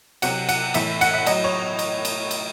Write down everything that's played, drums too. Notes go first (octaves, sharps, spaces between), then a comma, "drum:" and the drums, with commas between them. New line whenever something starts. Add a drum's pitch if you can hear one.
C3 F#3 F#5, drum: cymbal
F#5, drum: cymbal
A2 E3 E5, drum: cymbal
F#5, drum: cymbal
E5
A2 F#3 D#5, drum: cymbal
C#5
drum: cymbal
drum: cymbal
drum: cymbal